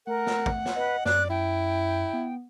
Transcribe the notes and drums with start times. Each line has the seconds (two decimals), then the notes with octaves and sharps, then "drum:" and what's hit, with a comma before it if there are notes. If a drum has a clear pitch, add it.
0.07 A3 A#4 F#5
0.27 drum: snare
0.46 drum: kick
0.66 drum: snare
0.76 B4 D#5
1.05 F#2 D5 F#6, drum: snare
1.30 E4 G5
2.13 B3